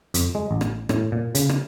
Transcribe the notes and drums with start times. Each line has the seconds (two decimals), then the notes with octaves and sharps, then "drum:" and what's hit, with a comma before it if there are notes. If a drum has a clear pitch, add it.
0.14 F2, drum: hi-hat
0.35 G#3
0.51 A1
0.61 drum: rim click
0.89 A2, drum: rim click
1.12 A#2
1.35 C#3, drum: hi-hat
1.49 drum: rim click